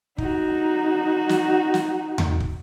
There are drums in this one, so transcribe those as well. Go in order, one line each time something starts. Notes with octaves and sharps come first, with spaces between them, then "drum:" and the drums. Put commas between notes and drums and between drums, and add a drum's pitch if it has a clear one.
D#4 F#4, drum: kick
drum: snare
drum: snare
drum: tom E2
drum: kick